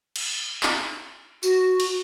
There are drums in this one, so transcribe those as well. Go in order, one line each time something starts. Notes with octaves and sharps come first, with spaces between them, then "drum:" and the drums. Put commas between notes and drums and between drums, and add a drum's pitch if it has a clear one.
drum: cymbal
drum: clap
F#4, drum: tambourine
drum: cymbal